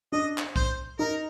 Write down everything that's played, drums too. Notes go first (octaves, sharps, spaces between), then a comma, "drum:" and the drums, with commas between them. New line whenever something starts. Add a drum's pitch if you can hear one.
D4 D#5
drum: clap
C5, drum: kick
D#4 A#4